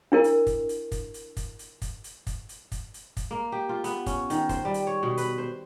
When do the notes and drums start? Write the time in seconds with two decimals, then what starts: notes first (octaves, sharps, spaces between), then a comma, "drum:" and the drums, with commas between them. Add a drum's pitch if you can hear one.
0.12 D4 E4 A#4
0.24 drum: hi-hat
0.47 drum: kick, hi-hat
0.69 drum: hi-hat
0.92 drum: kick, hi-hat
1.14 drum: hi-hat
1.37 drum: kick, hi-hat
1.59 drum: hi-hat
1.82 drum: kick, hi-hat
2.04 drum: hi-hat
2.27 drum: kick, hi-hat
2.49 drum: hi-hat
2.72 drum: kick, hi-hat
2.94 drum: hi-hat
3.17 drum: kick, hi-hat
3.31 A#3
3.52 G4
3.69 F4
3.84 B3, drum: hi-hat
4.06 C#4, drum: kick, hi-hat
4.30 D#3, drum: hi-hat
4.49 C5, drum: kick, hi-hat
4.65 G3
4.74 drum: hi-hat
4.87 C#5
5.03 B2
5.17 B4, drum: hi-hat
5.38 C5